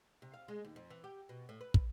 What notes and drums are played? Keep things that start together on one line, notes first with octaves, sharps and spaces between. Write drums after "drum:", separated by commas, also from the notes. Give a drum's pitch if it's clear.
C3
F5
G#3
D#2
F2
E3
G4
B2
A2
B4
drum: kick